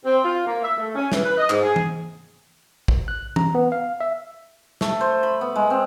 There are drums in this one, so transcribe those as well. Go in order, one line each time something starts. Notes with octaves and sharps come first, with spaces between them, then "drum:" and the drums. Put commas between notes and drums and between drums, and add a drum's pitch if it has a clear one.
C4
F4
A#3
E5
A3
C#4
E3, drum: snare
B4
D#5
G#2, drum: clap
G#4
drum: tom
drum: kick
F#6
A#5, drum: tom E3
B3
F5
E5
A3, drum: snare
C5
B5
B3
G#3
C4